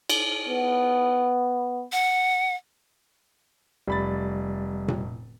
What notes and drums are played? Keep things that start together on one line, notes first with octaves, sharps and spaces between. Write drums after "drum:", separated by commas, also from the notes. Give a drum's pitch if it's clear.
drum: cymbal
B3
F#5
F1 G3 B5 A6
drum: tom A#2